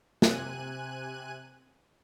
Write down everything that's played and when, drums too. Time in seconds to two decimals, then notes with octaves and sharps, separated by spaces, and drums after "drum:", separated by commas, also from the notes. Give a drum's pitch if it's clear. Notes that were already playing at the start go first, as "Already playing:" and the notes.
0.22 C3 G#5 F#6 D#7, drum: snare